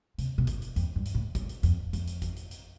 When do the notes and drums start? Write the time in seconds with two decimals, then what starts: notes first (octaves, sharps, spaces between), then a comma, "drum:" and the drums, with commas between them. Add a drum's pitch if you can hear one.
0.18 C3, drum: hi-hat
0.38 B2
0.47 drum: kick G#1, hi-hat
0.62 drum: hi-hat
0.76 F2, drum: hi-hat
0.96 G2
1.05 drum: hi-hat
1.15 A2
1.35 G2, drum: kick G#1, hi-hat
1.49 drum: hi-hat
1.63 F2, drum: hi-hat
1.93 F2, drum: hi-hat
2.07 drum: hi-hat
2.22 drum: kick G#1, hi-hat
2.36 drum: hi-hat
2.51 drum: hi-hat